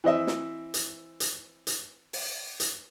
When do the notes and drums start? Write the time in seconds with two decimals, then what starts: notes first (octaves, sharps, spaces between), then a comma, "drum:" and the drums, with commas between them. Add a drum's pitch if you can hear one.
0.04 E3 C4 D#5 E5
0.27 drum: snare
0.74 drum: hi-hat
1.20 drum: hi-hat
1.67 drum: hi-hat
2.13 drum: open hi-hat
2.60 drum: hi-hat